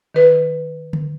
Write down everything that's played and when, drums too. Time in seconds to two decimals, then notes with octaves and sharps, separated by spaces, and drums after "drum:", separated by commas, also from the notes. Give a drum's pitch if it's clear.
0.14 D#3 B4
0.93 drum: tom D3